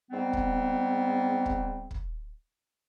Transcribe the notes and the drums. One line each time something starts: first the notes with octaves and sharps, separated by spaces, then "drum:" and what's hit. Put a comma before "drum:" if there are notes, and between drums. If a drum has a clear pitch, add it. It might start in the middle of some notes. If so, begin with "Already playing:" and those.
G#2 G3 B3 C4
drum: kick
drum: kick
drum: kick